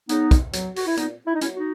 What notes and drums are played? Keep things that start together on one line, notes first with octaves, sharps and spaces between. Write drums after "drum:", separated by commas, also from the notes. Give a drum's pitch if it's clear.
C#3 B3 D#4, drum: hi-hat
drum: kick, hi-hat
F#3, drum: hi-hat
F#4, drum: open hi-hat
E4
A#2 B3 D#4, drum: hi-hat
E4
D#4
F#3 C#4 E4, drum: hi-hat
D#4 F#4